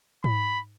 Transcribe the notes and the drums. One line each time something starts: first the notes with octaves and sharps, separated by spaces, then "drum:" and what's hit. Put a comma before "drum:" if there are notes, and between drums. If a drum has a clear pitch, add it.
B5, drum: tom G#2